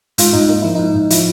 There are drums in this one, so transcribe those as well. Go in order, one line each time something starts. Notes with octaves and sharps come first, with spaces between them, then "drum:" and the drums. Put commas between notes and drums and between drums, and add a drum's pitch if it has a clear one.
G#2 F4, drum: hi-hat
G#2 D#4
A#3 D#4
F3 E4
G#2 D#4
G#2
F3 E4, drum: hi-hat